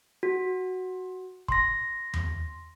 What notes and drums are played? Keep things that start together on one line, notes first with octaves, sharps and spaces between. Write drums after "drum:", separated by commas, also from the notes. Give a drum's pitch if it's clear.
F#4
C6 A#6, drum: kick
drum: tom E2